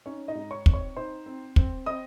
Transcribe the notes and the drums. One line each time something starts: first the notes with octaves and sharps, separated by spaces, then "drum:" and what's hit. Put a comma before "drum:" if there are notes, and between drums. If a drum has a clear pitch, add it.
C#4 D#4 C#5
D#4 D#5
G#2
C#5 C#6
C4, drum: kick
C#5 C#6
D#4 C5 C6
C4
C4, drum: kick
C4 D#5 D#6